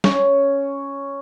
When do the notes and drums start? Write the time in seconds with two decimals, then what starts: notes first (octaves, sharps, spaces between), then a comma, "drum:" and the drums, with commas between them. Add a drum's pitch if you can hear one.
0.04 C#4, drum: snare